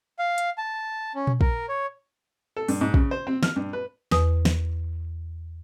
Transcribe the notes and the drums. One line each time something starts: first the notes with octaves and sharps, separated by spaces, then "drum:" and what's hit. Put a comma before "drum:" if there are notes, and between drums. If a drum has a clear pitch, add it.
F5
drum: hi-hat
A5
C#4
drum: tom A#2
A#4, drum: kick
C#5
A4
G2, drum: open hi-hat
G#2
C#3, drum: kick
C5
C4
F6, drum: snare
G2
B4
E2 B4 D#6, drum: snare
drum: snare